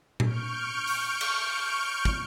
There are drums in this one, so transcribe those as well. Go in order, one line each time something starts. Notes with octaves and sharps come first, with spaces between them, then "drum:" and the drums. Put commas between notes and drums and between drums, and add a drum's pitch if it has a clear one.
C#6 F6 G6 D7, drum: tom A#2
drum: open hi-hat
drum: cymbal
drum: kick